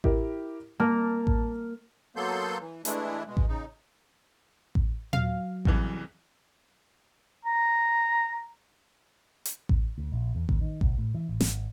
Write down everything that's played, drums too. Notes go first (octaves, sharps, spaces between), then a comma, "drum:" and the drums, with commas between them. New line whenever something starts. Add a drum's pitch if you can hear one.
E4 G4 A#4, drum: kick A1
A#3 A5 F6
drum: kick A1
F#3 A#3 B3 A4 C6 G6
E3
E3 G#3 A3 D4 E4, drum: hi-hat
B2 G#3
drum: kick A1
C#3 D#4
drum: kick A1
F#3 F5, drum: tom A#2
F#1 C2 E3, drum: kick A1
A#5
drum: hi-hat
drum: kick A1
D2
A#1
E2
D#2, drum: kick A1
D#3
B1, drum: kick A1
A2
E3
A1
G#1, drum: snare